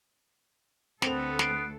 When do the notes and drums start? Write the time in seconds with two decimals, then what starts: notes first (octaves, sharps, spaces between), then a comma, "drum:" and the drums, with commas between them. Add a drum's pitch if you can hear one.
1.02 D2 B3 C4 A4 F7, drum: snare
1.39 F#6 C7 D7, drum: snare